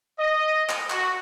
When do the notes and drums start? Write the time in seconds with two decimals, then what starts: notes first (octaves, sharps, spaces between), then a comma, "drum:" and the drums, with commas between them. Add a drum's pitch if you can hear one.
0.19 D#5
0.69 drum: clap
0.90 F#4, drum: clap